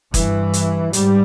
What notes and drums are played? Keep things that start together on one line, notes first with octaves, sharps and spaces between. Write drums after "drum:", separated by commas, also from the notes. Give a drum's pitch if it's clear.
G2 E3, drum: kick F#1, hi-hat
drum: hi-hat
G#2 G3, drum: hi-hat